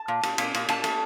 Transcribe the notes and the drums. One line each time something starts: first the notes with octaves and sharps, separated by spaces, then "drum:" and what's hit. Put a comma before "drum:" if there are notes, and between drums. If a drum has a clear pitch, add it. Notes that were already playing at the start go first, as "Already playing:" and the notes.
Already playing: A5
A#2
A#2, drum: cymbal
A#2, drum: cymbal
A#2, drum: cymbal
A#2 A5, drum: cymbal
A3, drum: cymbal